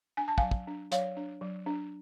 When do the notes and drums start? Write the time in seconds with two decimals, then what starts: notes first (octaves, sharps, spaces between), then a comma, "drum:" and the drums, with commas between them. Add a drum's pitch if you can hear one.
0.17 D4 G#5
0.28 A5
0.38 F#3 F5 G#5, drum: kick
0.51 drum: kick
0.67 D4
0.92 F#3 C#5 F5, drum: hi-hat
1.17 D4
1.41 F#3
1.66 D4